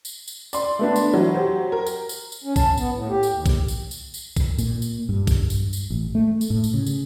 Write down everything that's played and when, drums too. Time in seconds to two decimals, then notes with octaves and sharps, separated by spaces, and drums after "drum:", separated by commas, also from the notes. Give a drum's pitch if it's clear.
0.05 drum: tambourine
0.28 drum: tambourine
0.53 D5 C6, drum: tambourine
0.79 A3 B3 D4
0.96 drum: tambourine
1.14 E3 F#3
1.34 G4 C5
1.72 A#4
1.87 drum: tambourine
2.09 drum: tambourine
2.32 drum: tambourine
2.44 C#4
2.56 A5, drum: kick A#1, tambourine
2.77 B3, drum: tambourine
2.93 A2
3.09 G4
3.23 drum: tambourine
3.32 D#2
3.46 drum: kick A#1, tambourine
3.68 drum: tambourine
3.91 drum: tambourine
4.14 drum: tambourine
4.37 drum: kick A#1, tambourine
4.58 A#2, drum: tambourine
4.82 drum: tambourine
5.09 G2
5.27 drum: kick A#1, tambourine
5.50 drum: tambourine
5.73 drum: tambourine
5.90 A1
6.15 A3
6.41 drum: tambourine
6.50 A2
6.64 drum: tambourine
6.74 C#3
6.86 drum: tambourine